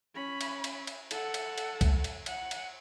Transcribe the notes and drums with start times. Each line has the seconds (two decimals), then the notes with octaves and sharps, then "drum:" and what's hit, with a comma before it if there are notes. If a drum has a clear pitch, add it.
0.14 C#4 B5
0.41 drum: cymbal
0.64 drum: cymbal
0.87 drum: cymbal
1.11 A4 F#5, drum: cymbal
1.34 drum: cymbal
1.58 drum: cymbal
1.81 drum: kick C2, cymbal
2.04 drum: cymbal
2.26 F#5, drum: cymbal
2.51 drum: cymbal